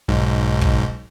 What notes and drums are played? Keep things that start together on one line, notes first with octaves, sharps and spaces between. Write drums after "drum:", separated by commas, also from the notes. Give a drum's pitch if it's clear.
B1 G#2
drum: kick